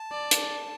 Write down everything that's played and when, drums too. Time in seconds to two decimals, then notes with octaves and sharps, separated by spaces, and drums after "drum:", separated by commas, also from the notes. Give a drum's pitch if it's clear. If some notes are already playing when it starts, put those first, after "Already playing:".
Already playing: A5
0.12 D5
0.31 drum: hi-hat